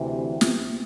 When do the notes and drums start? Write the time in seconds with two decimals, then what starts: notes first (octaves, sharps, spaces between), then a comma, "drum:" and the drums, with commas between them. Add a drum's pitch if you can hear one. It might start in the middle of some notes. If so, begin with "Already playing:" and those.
Already playing: D2 C3 E3
0.41 drum: snare